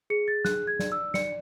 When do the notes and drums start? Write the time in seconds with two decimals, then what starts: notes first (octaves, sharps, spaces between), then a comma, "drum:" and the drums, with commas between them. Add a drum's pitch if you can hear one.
0.10 G#4 C#7
0.28 A6
0.45 G#4 F#6, drum: snare
0.67 G#6
0.79 D5, drum: snare
0.92 E6
1.14 D5 C#7, drum: snare